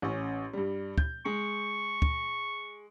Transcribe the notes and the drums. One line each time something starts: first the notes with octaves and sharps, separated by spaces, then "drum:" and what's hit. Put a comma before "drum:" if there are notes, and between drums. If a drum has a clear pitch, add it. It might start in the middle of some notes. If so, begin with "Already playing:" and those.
A1 C#4
G2 G3
G6, drum: kick
G#3 C#6
drum: kick